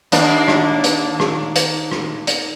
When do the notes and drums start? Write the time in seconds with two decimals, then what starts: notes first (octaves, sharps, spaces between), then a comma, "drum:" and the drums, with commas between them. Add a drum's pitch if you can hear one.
0.12 D#2 A#3 D4, drum: hi-hat
0.48 drum: rim click
0.84 drum: hi-hat
1.20 drum: rim click
1.56 drum: hi-hat
1.92 drum: rim click
2.27 drum: hi-hat